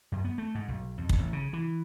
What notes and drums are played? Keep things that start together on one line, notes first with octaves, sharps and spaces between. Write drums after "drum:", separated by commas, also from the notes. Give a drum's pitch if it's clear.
F#2
B3
A3
G#2
B1
F2
drum: kick
A1
C#3
E3